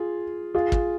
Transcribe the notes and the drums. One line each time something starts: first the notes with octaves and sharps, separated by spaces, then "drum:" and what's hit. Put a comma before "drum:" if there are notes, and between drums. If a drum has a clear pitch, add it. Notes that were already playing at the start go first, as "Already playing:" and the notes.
Already playing: F4 G#4
F4 G#4
drum: kick